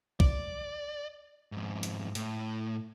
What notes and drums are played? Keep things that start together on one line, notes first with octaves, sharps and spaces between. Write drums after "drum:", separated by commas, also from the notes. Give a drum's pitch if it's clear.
D5, drum: kick
F2 G#2
drum: hi-hat
A2, drum: hi-hat